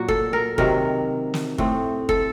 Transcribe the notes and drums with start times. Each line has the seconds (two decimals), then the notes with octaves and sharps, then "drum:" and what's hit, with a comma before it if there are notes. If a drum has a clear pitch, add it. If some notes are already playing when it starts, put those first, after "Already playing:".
Already playing: A#2 F#3 A#3 F#4
0.08 A4, drum: kick
0.33 A#4
0.58 C3 D#3 F#3 A#4, drum: kick
1.34 drum: snare
1.58 A2 A3 C4, drum: kick
2.09 A4, drum: kick